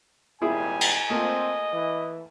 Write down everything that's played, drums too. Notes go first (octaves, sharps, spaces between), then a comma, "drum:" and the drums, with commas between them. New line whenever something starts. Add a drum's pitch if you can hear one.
G#1 A#2 G3 E4 G#4 E5 G#5
drum: cymbal
A3 A#3 C4 F4 D#5
E3